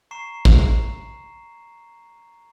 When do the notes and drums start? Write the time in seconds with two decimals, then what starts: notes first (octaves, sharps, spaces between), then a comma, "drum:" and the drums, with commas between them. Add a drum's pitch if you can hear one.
0.11 A#5 C#6 C7 E7
0.45 drum: kick